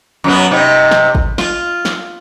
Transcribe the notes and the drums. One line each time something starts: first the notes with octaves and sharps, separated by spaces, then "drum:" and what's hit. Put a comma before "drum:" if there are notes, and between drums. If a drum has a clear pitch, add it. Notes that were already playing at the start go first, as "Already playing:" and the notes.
F#2 F#3 B3
C3 D#4
drum: snare
drum: kick G#1
F4, drum: snare
drum: snare